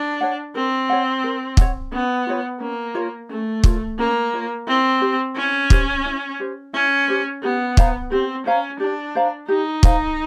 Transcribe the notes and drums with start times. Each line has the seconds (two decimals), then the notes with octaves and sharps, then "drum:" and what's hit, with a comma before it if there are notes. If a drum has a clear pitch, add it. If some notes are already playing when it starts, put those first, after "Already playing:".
Already playing: D4
0.21 C#5 F#5
0.55 C4 A#4
0.89 C#5 F#5
1.24 A#4
1.57 C#5 F#5, drum: kick
1.92 B3 C#4
2.27 F4 A#4 C#5
2.60 A#3 C#4
2.95 F4 A#4 C#5
3.29 A3 C#4
3.64 F4 A#4 C#5, drum: kick
3.98 A#3 C#4
4.33 F4 A#4 C#5
4.67 C4 E4
5.01 G4 C5
5.36 C#4 E4
5.70 G4 C5, drum: kick
6.06 E4
6.40 G4 C5
6.73 C#4 E4
7.08 G4 C5
7.42 B3 G4
7.77 C5 F5 A#5, drum: kick
8.11 C4 G4
8.46 C#4 C5 F5 A#5
8.80 D4 G4
9.15 C5 F5 A#5
9.48 D#4 G4
9.83 C5 F5 A#5, drum: kick